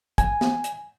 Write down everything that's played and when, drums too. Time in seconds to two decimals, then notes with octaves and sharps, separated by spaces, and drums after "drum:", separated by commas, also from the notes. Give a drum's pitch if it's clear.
0.18 G#5, drum: kick, hi-hat
0.41 drum: snare
0.64 drum: hi-hat